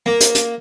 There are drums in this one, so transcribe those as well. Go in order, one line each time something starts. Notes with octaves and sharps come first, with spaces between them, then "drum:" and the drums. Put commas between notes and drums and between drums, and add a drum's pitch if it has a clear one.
A#3
drum: hi-hat
drum: hi-hat